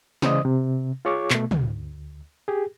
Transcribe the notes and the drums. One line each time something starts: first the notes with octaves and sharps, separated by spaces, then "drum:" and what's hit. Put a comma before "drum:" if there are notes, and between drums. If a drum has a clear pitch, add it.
C#3 E3 C5 D5 D#5 D#6, drum: snare
C3
F4 G#4 C#5 C#6 D6
B2 A3, drum: clap
D2, drum: tom
G4 G#4